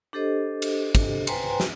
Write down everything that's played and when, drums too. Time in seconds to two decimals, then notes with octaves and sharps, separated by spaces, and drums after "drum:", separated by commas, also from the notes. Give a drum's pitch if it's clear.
0.13 D4 G4 A4 C5 D#5
0.62 drum: cymbal
0.95 drum: kick, cymbal
1.27 B4 C5 G5 G#5 A#5 C6, drum: cymbal
1.60 drum: snare